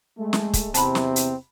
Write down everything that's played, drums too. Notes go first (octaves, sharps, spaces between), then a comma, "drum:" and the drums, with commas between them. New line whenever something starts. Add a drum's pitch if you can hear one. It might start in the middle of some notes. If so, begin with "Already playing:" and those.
G#3 A3
drum: snare
drum: kick, hi-hat
E2 C3 C4 A5 B5, drum: hi-hat
drum: snare
drum: hi-hat